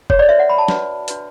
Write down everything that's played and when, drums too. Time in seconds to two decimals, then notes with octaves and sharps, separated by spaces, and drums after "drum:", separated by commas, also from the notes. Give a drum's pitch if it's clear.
0.10 C#5, drum: kick
0.19 D5
0.29 D4 F#4 B4 E5
0.39 F#5
0.49 B5
0.58 A5
0.68 D4 F#4 B4, drum: snare
1.08 D4 F#4 B4, drum: hi-hat